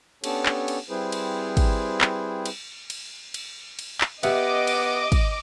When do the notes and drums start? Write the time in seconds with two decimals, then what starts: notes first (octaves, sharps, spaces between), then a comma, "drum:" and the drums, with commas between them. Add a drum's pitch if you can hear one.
0.24 B3 C#4 D4 G4 A4 C#5, drum: cymbal
0.46 drum: clap
0.68 drum: cymbal
0.89 G3 C4 E4 G#4 B4 C5
1.12 drum: cymbal
1.57 drum: kick, cymbal
2.01 drum: clap
2.46 drum: cymbal
2.90 drum: cymbal
3.34 drum: cymbal
3.79 drum: cymbal
4.01 drum: clap
4.23 B3 G4 D#5 E5 D6, drum: cymbal
4.67 drum: cymbal
5.12 drum: kick, cymbal